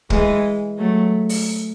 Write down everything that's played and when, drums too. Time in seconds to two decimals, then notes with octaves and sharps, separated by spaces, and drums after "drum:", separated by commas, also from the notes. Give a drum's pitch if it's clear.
0.10 E3 G#3, drum: kick
0.78 F#3 A3
1.29 drum: open hi-hat